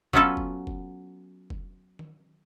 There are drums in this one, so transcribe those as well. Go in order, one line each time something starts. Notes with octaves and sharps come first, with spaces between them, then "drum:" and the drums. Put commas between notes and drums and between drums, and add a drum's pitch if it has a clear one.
F#3 B3 C#4 F4 A4 B4, drum: kick
drum: kick
drum: kick
drum: kick
drum: tom D#3